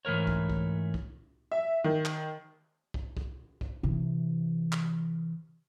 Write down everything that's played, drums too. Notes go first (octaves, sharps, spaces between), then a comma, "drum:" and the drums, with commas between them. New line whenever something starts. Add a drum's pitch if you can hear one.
G#2 E3 A3 A#4 C#5
drum: kick
drum: kick
drum: kick
E5
D#3
drum: clap
drum: kick
drum: kick
drum: kick
C3 E3
drum: clap